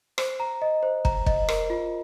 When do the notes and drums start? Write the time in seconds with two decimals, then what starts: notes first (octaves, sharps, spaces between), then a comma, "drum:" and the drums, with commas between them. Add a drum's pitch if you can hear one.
0.18 C5, drum: rim click
0.40 A#5
0.62 D#5
0.83 C5
1.05 A#5, drum: kick
1.26 D#5, drum: kick
1.49 A#4, drum: rim click
1.70 F4